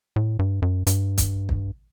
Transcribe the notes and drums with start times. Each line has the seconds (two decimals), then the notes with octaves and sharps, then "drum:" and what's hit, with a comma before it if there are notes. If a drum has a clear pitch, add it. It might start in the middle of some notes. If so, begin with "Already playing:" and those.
0.16 A2
0.39 G2
0.62 F#2
0.87 G2, drum: hi-hat
1.18 drum: kick, hi-hat
1.49 drum: kick